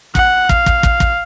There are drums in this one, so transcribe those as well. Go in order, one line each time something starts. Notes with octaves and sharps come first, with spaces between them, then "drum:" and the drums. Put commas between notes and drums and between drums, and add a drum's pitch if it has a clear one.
F#5, drum: kick
F5, drum: kick
drum: kick
drum: kick
drum: kick